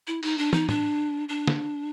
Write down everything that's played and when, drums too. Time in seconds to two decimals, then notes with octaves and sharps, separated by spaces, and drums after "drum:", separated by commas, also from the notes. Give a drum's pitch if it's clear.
0.07 E4
0.23 D#4, drum: cymbal
0.38 D4
0.53 D#4, drum: tom
0.69 D4, drum: tom
1.29 D4
1.48 drum: snare